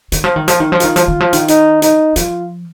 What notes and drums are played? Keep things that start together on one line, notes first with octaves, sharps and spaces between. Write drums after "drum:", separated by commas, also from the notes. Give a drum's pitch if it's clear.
D#3, drum: hi-hat
F3
D#3
F3, drum: hi-hat
D#3
F3
D#3 F4, drum: hi-hat
F3, drum: hi-hat
D#3
F3
D#3, drum: hi-hat
D#4, drum: hi-hat
D#4, drum: hi-hat
F3 F4, drum: hi-hat